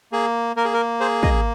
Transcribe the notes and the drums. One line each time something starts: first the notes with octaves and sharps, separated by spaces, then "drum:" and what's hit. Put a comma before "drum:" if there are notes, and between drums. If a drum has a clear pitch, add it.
A#3 G#4
A#3 A#4
G#4
A#4
G#4 C5
D#5, drum: kick